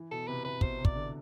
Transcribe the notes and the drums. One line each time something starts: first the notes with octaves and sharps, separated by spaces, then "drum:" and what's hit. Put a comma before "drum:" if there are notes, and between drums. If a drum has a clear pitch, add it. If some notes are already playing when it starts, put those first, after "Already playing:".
Already playing: E3
B2 A4
C3 B4
C3 B4
B2 C5, drum: kick
C3
D5, drum: kick
D3